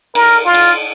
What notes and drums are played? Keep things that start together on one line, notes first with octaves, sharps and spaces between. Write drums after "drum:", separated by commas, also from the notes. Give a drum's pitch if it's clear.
A#4, drum: cymbal
F4
drum: cymbal